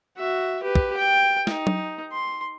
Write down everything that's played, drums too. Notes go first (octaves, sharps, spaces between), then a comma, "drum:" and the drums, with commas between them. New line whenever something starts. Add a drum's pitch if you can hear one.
F#4 E5
G4 B4
drum: kick
G5
D#4, drum: snare
drum: tom F#3
C6